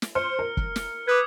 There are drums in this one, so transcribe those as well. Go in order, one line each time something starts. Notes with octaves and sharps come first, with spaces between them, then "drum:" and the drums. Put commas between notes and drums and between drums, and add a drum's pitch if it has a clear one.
drum: snare
C5 F6 C#7
A#4
drum: kick
drum: snare
B4 D6 D#6 G#6